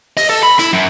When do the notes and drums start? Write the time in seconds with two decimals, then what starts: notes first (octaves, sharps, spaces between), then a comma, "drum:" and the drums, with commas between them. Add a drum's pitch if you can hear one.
0.17 D#5, drum: open hi-hat
0.29 A4
0.43 B5
0.59 E4, drum: hi-hat
0.73 F#2